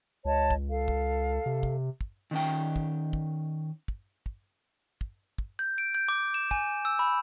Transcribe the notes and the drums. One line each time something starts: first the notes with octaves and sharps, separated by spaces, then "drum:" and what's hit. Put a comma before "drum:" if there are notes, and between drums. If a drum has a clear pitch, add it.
C#2 C#5 D#5 A5
drum: kick
A4 F5
drum: kick
C3
drum: kick
drum: kick
D#3 C#4 G5
drum: kick
drum: kick
drum: kick
drum: kick
drum: kick
drum: kick
G6
D7
G6
D6
E7
G#5, drum: kick
E6
B5